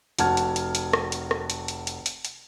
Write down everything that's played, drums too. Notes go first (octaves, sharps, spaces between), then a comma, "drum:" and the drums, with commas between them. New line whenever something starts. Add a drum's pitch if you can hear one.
F1 F#4 F#5 A5 F6 G#6, drum: hi-hat
drum: hi-hat
drum: hi-hat
drum: hi-hat
drum: rim click
drum: hi-hat
drum: rim click
drum: hi-hat
drum: hi-hat
drum: hi-hat
drum: hi-hat
drum: hi-hat